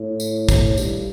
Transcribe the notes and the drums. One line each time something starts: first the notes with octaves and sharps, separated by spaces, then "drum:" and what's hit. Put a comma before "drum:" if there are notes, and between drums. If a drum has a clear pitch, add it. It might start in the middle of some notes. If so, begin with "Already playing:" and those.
Already playing: A2
drum: tambourine
drum: kick, tambourine
G2, drum: tambourine